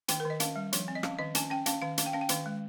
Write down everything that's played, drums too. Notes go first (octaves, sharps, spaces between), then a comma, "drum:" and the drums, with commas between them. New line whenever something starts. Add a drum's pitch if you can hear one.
D#3 G5, drum: hi-hat
A#4
D#3 D#5
C#4 F5, drum: hi-hat
G3
F3, drum: hi-hat
C4
D#5
C#4 F5, drum: rim click
D#3 D#5
C#4 G#5, drum: hi-hat
C#4 G5
C#4 F5, drum: hi-hat
D#3 F5
C#4 F5, drum: hi-hat
G5
C#4 F5
G5
D#3 F5, drum: hi-hat
G#3